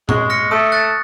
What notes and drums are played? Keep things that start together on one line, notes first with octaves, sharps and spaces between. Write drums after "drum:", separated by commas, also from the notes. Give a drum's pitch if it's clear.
G#3 C#6, drum: tom A#2
F6 A#6 C#7
A3 D#6
F#6 A6